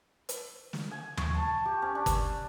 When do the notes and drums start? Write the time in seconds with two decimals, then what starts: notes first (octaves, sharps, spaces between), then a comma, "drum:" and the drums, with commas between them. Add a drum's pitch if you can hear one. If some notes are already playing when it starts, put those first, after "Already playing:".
0.29 drum: hi-hat
0.73 drum: snare
0.91 G#5
1.17 C#6, drum: tom D#2
1.35 A5
1.65 G4
1.82 C#4
1.95 D4
2.06 drum: kick G1, hi-hat